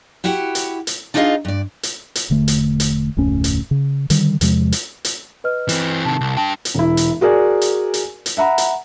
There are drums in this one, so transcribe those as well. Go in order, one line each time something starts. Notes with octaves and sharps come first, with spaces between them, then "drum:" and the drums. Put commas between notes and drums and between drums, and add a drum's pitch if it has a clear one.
E4 F#4 G4 F#5
drum: hi-hat
drum: hi-hat
D4 D#4 F4 G#4 D#5 F5
G2 D5
drum: hi-hat
drum: hi-hat
E1 D3 A3
drum: hi-hat
drum: hi-hat
F1 D2 A2 C#4
drum: hi-hat
C#3
D3 D#3 G3, drum: hi-hat
E2 C3 F3 G#3, drum: hi-hat
drum: hi-hat
drum: hi-hat
B4 D#5 F6
E3 C4, drum: hi-hat
C3 D#3 A5
C2
D4 G5 A5
drum: hi-hat
E1 E4
drum: hi-hat
F#4 G#4 A#4 D5 G#5
drum: hi-hat
drum: hi-hat
drum: hi-hat
E5 F#5 A#5 B5
drum: hi-hat